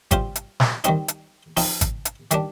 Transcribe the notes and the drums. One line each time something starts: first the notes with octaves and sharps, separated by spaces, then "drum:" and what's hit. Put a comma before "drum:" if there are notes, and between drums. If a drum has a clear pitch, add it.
G3 C4 F4 C5, drum: kick G#1, hi-hat
drum: hi-hat
drum: snare
D#3 G3 C4 D#4, drum: hi-hat
drum: hi-hat
F3 C4 D#4, drum: open hi-hat
drum: kick G#1, hi-hat
drum: hi-hat
D#3 G3 D4, drum: hi-hat